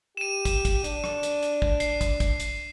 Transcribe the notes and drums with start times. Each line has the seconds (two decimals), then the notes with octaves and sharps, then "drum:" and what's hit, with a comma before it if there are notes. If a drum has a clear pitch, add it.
0.17 G4 D#7 E7
0.45 drum: kick, hi-hat
0.65 drum: kick, hi-hat
0.84 D4, drum: hi-hat
1.04 drum: rim click
1.23 drum: hi-hat
1.43 drum: hi-hat
1.62 drum: kick
1.80 C7, drum: hi-hat
2.01 drum: kick, hi-hat
2.20 drum: kick, hi-hat
2.40 drum: hi-hat